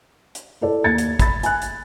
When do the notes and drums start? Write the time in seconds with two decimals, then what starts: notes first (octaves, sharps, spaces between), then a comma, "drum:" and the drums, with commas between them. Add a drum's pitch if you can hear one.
0.35 drum: hi-hat
0.61 E4 A4 D5
0.84 D#2 G#6 A6 C#7
0.98 drum: hi-hat
1.19 B5 A6, drum: kick, hi-hat
1.43 G#5 F#6, drum: hi-hat
1.62 drum: hi-hat